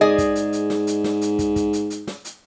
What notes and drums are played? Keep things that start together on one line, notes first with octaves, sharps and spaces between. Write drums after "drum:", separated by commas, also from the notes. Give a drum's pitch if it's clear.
G#2 G#4 D5 D#5
drum: kick, hi-hat
drum: hi-hat
drum: hi-hat
drum: snare
drum: hi-hat
drum: snare
drum: hi-hat
drum: kick, hi-hat
drum: kick, hi-hat
drum: hi-hat
drum: hi-hat
drum: snare
drum: hi-hat